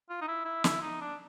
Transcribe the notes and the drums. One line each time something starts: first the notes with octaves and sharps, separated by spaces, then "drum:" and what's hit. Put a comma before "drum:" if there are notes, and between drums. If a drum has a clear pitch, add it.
F4
D#4
E4
E4
E4, drum: snare
D#4
D4